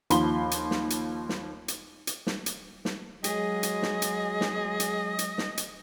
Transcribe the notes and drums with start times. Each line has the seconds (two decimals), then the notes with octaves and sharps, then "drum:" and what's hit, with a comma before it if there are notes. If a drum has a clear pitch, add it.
0.10 D#2 F3 B5 C6 G7, drum: hi-hat
0.51 drum: hi-hat
0.71 drum: snare
0.90 drum: hi-hat
1.29 drum: snare
1.68 drum: hi-hat
2.07 drum: hi-hat
2.27 drum: snare
2.46 drum: hi-hat
2.85 drum: snare
3.24 F#3 G#3 G#4 D#5, drum: hi-hat
3.63 drum: hi-hat
3.82 drum: snare
4.02 drum: hi-hat
4.41 drum: snare
4.80 drum: hi-hat
5.19 drum: hi-hat
5.38 drum: snare
5.58 drum: hi-hat